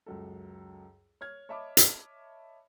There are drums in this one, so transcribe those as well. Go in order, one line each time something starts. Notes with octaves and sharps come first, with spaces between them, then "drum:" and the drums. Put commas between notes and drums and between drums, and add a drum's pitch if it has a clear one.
C#2 F#2 A4
C#5 F6 G#6
C#5 D#5 E5 A5 B5 D6
drum: hi-hat